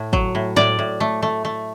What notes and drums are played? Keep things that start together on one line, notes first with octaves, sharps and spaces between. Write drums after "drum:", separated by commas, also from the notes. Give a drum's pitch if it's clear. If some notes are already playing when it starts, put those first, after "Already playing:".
Already playing: A2 A3
F#3, drum: kick
A2
A2 D5, drum: snare
A2
A3
A3
A3